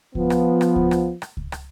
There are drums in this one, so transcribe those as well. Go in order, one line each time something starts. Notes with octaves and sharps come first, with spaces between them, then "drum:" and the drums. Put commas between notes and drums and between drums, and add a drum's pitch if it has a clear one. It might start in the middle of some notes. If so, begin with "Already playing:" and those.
F3 B3, drum: kick C#2
drum: rim click
drum: rim click
drum: kick C#2
drum: rim click
drum: rim click
drum: kick C#2
drum: rim click